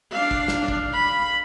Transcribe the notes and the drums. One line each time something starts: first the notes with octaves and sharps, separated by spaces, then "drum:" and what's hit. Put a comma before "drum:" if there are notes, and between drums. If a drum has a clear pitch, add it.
D4 F5
drum: kick
drum: snare
drum: kick
B5